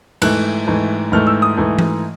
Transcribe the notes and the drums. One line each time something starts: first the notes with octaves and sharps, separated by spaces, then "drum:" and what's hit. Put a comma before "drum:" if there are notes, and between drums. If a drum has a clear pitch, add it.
G#2 E3 A3 F#6, drum: cymbal
G#2 E3 A3
G#2 E3 A3 F6
E6
D#6
G#2 E3 A3
drum: tom E3